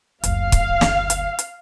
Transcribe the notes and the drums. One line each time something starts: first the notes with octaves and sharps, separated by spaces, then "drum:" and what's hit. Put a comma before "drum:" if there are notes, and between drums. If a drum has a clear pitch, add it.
F#1 D2 F5, drum: hi-hat
drum: kick, hi-hat
drum: snare
drum: hi-hat
drum: hi-hat